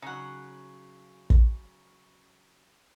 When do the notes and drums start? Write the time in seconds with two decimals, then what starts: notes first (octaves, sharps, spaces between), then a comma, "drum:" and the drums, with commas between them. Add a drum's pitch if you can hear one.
0.02 C#3 F#3 D#4 F#5
1.30 drum: kick